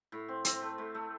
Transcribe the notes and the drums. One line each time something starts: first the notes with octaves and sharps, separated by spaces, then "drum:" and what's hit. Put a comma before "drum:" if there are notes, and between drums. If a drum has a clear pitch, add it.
A2
C4
C4, drum: hi-hat
A3
A2
A3